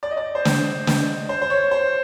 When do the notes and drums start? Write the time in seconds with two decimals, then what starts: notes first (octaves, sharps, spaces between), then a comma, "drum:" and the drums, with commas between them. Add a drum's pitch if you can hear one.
0.03 D5
0.11 D#5
0.17 D5
0.35 C5
0.45 drum: snare
0.87 drum: snare
1.29 C5
1.42 C5
1.50 C#5
1.71 C5